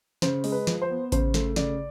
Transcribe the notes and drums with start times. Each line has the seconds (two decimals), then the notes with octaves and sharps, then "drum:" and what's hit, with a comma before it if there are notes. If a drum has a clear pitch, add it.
0.22 C#3 C5, drum: snare
0.44 G#3, drum: open hi-hat
0.52 B4
0.67 F3, drum: snare
0.82 C5
0.90 B3
1.12 C#3 C5, drum: kick A1, hi-hat
1.34 A3, drum: snare
1.56 C#3 D5, drum: snare